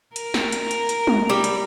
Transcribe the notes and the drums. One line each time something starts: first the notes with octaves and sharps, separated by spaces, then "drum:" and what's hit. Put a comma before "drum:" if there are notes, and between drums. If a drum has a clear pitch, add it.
A#4, drum: hi-hat
drum: snare
drum: hi-hat
drum: hi-hat
drum: hi-hat
drum: tom
G3
drum: hi-hat